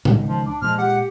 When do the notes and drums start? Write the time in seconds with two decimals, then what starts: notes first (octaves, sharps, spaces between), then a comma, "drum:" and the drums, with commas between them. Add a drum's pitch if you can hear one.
0.05 C#2 D#3, drum: tom A2
0.28 F3
0.46 D4
0.62 A#2 F3 G#3 F6
0.78 G4 F#5